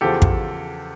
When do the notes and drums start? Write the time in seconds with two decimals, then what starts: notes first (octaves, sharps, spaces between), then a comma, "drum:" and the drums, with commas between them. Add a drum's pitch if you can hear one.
0.01 E2 C#3 F3 G4 A4
0.22 drum: kick